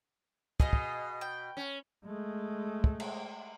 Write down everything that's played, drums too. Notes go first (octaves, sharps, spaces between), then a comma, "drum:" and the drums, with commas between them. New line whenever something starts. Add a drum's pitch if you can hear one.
B2 G#4 D#5 F5, drum: kick
drum: kick
G5
C#4
G#3 A3
drum: kick
drum: cymbal